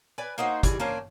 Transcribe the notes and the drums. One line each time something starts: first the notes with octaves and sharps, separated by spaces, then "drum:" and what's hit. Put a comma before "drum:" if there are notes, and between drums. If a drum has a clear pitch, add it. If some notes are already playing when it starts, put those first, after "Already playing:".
B4 D5 G#5
A#3 D#4 F#4 C5
D#3 E3 G3 G#4, drum: kick, hi-hat
A#3 C#4 D4 C5